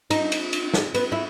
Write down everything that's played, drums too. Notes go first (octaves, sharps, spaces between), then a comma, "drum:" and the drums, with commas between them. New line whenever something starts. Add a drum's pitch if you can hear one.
D#4, drum: cymbal
drum: cymbal
drum: cymbal
drum: snare
B3, drum: cymbal
E4